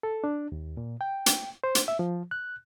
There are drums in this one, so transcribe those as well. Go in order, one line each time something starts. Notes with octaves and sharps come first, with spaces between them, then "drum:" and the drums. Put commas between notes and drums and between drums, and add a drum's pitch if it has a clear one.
A4
D4
D#2
A#2
G5
drum: hi-hat
C5
drum: hi-hat
E5
F3
F#6